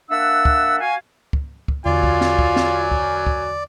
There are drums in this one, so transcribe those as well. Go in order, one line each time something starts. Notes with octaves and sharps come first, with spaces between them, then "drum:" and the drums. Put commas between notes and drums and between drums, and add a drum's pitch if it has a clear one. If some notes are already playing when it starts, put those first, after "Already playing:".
A#3 D4 E5 F#5 E6
drum: kick
F#4 F5 G#5
drum: kick
drum: kick
E2 D3 F#3 F4 D5 G#5
drum: kick
drum: snare
drum: kick
drum: snare
drum: kick
drum: kick